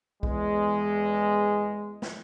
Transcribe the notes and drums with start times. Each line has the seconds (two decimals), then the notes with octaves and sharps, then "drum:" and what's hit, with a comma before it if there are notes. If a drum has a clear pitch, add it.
0.23 E2 G#3, drum: kick B1
2.02 drum: snare